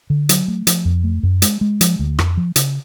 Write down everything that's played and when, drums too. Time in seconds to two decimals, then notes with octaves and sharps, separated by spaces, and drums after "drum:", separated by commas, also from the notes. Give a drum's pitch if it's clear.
0.10 D3
0.29 F#3, drum: hi-hat
0.48 A3
0.67 F3, drum: hi-hat
0.85 F2
1.04 A3
1.23 F#2
1.42 G#3, drum: hi-hat
1.61 G#3
1.81 F3, drum: hi-hat
1.99 D2
2.19 F2, drum: rim click
2.37 F3
2.56 C#3, drum: hi-hat